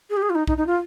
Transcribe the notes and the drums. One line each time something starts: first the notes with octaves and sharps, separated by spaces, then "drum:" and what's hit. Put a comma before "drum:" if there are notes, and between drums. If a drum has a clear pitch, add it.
G#4
G4
G#4
F4
D#4
D#4, drum: kick B1
D#4
F4